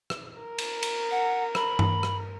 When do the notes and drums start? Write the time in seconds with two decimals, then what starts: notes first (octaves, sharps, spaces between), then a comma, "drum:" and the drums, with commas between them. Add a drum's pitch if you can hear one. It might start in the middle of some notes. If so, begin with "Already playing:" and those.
0.10 drum: rim click
0.39 A#4
0.58 drum: cymbal
0.83 drum: cymbal
1.11 F#5
1.55 B5, drum: rim click
1.79 drum: tom G2
2.03 drum: rim click